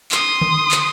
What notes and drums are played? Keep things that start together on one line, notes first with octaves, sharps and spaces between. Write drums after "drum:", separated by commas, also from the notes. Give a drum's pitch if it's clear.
C6 D#6, drum: clap
drum: tom D3
drum: clap